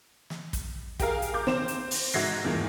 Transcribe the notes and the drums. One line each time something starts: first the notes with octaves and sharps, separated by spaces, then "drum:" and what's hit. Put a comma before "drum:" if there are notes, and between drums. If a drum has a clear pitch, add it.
drum: snare
drum: kick, hi-hat
G4 G#4 A#4 F5, drum: kick, hi-hat
drum: hi-hat
D6 G6
C4 C5 E7, drum: snare
drum: hi-hat
drum: open hi-hat
G#2 F#4 E5 G#6 A#6 C7, drum: snare
E2 G2 A#2 D#3 E3 G#3